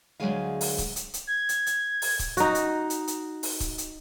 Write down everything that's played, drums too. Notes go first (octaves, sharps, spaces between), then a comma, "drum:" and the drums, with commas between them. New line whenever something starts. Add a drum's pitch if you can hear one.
D2 G#2 F#3 G#3 G#4 F5
drum: open hi-hat
drum: kick C#1, hi-hat
drum: hi-hat
drum: hi-hat
G#6
drum: hi-hat
drum: hi-hat
drum: open hi-hat
drum: kick C#1, hi-hat
D#4 F#4, drum: hi-hat
drum: hi-hat
drum: hi-hat
drum: hi-hat
drum: open hi-hat
drum: kick C#1, hi-hat
drum: hi-hat